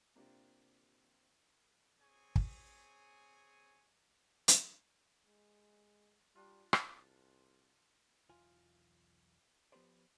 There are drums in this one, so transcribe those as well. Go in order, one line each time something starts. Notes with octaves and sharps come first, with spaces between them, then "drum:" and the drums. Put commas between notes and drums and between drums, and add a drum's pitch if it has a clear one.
C3 A#3 C4 D4 F4 G4
C4 G#4 C#5 G#5
drum: kick
drum: hi-hat
G#3
G3 D4 F4
C2, drum: rim click
B1 E2 F4 G#5
F3 B3 G4 B4 C5 D5